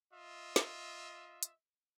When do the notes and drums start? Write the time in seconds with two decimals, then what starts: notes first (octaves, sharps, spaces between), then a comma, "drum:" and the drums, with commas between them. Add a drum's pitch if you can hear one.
0.14 F4 D#5 E5
0.56 drum: snare
1.43 drum: hi-hat